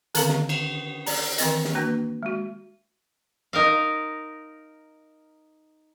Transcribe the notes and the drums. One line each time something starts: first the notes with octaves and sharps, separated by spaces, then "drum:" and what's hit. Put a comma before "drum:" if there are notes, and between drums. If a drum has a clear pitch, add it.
D3 D#3 C4 A4 F5 A#5, drum: hi-hat
drum: snare
drum: cymbal
D5 A#5, drum: open hi-hat
D#3 E3 C4 D#5, drum: hi-hat
drum: snare
A#3 D4 F#4 B4
G#3 F#4
D#4 A#4 F5